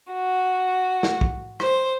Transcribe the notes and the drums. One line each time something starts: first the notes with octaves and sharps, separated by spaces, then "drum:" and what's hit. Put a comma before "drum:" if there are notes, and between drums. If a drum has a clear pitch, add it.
F#4
drum: snare
drum: kick
C5, drum: rim click